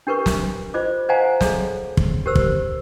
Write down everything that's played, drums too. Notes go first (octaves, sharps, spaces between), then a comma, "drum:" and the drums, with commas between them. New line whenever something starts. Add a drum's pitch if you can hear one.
D4 G4 A#4 B4 C#6
drum: snare
F4 C5 D#5 D6
C5 D#5 F5 F#5 G#5 A#5
G#4 A4 C#5, drum: snare
drum: kick
G4 A#4 C5 E6
drum: kick